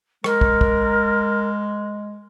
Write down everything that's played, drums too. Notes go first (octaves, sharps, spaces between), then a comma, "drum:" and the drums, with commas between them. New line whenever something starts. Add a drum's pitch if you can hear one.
G#3 A#4, drum: rim click
drum: kick
drum: kick